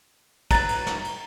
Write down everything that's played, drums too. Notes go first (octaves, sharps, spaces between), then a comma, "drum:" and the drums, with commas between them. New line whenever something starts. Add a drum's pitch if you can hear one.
F#3 B4 A#5 A6, drum: kick, cymbal
drum: cymbal
drum: snare
drum: cymbal